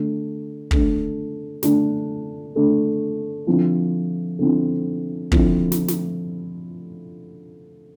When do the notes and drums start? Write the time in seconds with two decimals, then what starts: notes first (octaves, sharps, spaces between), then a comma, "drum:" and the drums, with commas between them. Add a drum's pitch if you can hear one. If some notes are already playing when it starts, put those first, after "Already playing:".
Already playing: D3 A3 D4
0.71 D3 A3 D4, drum: kick
1.63 D3 A3 D4, drum: snare
2.55 D3 A3 D4
3.47 D3 F3 C4 E4
4.39 D3 F3 C4 E4
5.32 D3 F3 C4 E4, drum: kick
5.72 drum: snare
5.88 drum: snare